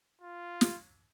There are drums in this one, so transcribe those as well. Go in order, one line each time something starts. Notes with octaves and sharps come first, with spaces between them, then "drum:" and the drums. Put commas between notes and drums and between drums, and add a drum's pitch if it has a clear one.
F4
drum: snare